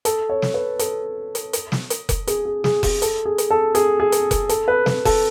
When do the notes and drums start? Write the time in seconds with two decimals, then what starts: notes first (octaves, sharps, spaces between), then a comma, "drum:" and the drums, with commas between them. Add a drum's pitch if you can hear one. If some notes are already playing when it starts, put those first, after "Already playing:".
0.05 A4, drum: hi-hat
0.29 C#5
0.42 drum: snare
0.54 B4
0.79 A4, drum: hi-hat
1.35 drum: hi-hat
1.53 drum: hi-hat
1.72 drum: snare
1.90 drum: hi-hat
2.09 drum: kick F1, hi-hat
2.27 G#4, drum: hi-hat
2.45 G#4
2.64 G#4, drum: snare
2.83 G#4, drum: kick F1, open hi-hat
3.02 A4, drum: hi-hat
3.26 G#4
3.38 drum: hi-hat
3.51 A4
3.75 G#4, drum: hi-hat
4.00 G#4
4.12 drum: hi-hat
4.31 drum: kick F1, hi-hat
4.49 A4, drum: hi-hat
4.68 B4
4.86 B4, drum: snare
5.05 A4, drum: kick F1, open hi-hat